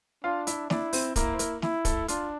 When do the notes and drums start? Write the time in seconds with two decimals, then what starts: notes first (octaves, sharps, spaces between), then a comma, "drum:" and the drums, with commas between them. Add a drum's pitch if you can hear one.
0.24 D4 F4 F5
0.47 E4 E5, drum: hi-hat
0.70 D4 E4 D5, drum: snare
0.93 C4 C5, drum: open hi-hat
1.16 A#3 E4 A#4, drum: kick, hi-hat
1.33 C5
1.39 A#3 A#4, drum: hi-hat
1.62 E4, drum: snare
1.85 A3 A4, drum: kick, hi-hat
2.08 D4 F4, drum: hi-hat